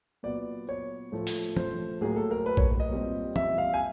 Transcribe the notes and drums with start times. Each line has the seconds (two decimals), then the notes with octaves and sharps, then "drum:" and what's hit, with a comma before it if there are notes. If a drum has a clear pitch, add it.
0.23 A#2 F#3 B3 D5
0.69 C#5
1.12 A2 F3 A3
1.27 drum: open hi-hat
1.57 C5, drum: tom
2.01 A2 F#3 A#3 G#4
2.16 A4
2.31 A#4
2.46 B4
2.57 C#5, drum: kick A#1
2.80 D#5
2.91 A#2 G3 C4
3.36 E5, drum: tom
3.58 F5
3.74 G#5